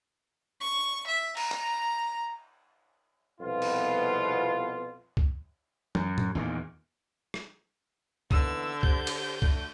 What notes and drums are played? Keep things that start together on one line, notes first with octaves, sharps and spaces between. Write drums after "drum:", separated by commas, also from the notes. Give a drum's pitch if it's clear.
C#6
E5
A#5, drum: cymbal
drum: clap
C2 F2 B2 B3 F4
drum: cymbal
drum: kick C#2
F#2, drum: tom
drum: tom A2
E2 A#2 D#3
drum: rim click
D#2 D3 E3 B3 E6, drum: kick C#2
G4 C5 G6, drum: kick C#2
drum: cymbal
A3 D4 F#4, drum: kick C#2